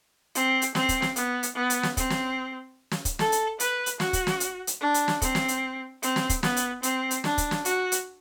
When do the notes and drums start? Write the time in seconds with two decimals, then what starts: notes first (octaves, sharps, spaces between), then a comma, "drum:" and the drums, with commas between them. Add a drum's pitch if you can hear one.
0.35 C4, drum: hi-hat
0.62 drum: hi-hat
0.75 C4, drum: snare
0.89 drum: kick, hi-hat
1.02 drum: snare
1.16 B3, drum: hi-hat
1.43 drum: hi-hat
1.56 B3
1.70 drum: hi-hat
1.83 drum: snare
1.97 C4, drum: kick, hi-hat
2.10 drum: snare
2.91 drum: snare
3.05 drum: kick, hi-hat
3.19 A4, drum: snare
3.32 drum: hi-hat
3.60 B4, drum: hi-hat
3.86 drum: hi-hat
4.00 F#4, drum: snare
4.13 drum: kick, hi-hat
4.27 drum: snare
4.40 drum: hi-hat
4.67 drum: hi-hat
4.81 D4
4.94 drum: hi-hat
5.08 drum: snare
5.22 C4, drum: kick, hi-hat
5.35 drum: snare
5.48 drum: hi-hat
6.03 C4, drum: hi-hat
6.16 drum: snare
6.29 drum: kick, hi-hat
6.43 B3, drum: snare
6.57 drum: hi-hat
6.83 C4, drum: hi-hat
7.11 drum: hi-hat
7.24 D4, drum: snare
7.38 drum: kick, hi-hat
7.51 drum: snare
7.65 F#4, drum: hi-hat
7.92 drum: hi-hat